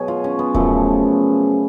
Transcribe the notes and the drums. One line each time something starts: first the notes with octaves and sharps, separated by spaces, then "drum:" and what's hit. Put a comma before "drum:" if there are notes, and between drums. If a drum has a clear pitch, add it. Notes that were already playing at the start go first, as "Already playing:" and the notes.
Already playing: B2 F#3 G#4 B4 C#5
F4
C#4
B3
F#2 C#3 F3 A3, drum: kick D1